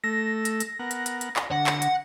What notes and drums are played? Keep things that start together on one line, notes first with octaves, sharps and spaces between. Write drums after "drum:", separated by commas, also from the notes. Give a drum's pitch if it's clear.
A3 E6 A#6
drum: hi-hat
drum: hi-hat
B3 A#4 F#5
drum: hi-hat
drum: hi-hat
drum: hi-hat
drum: clap
D3 F#5
drum: clap
drum: hi-hat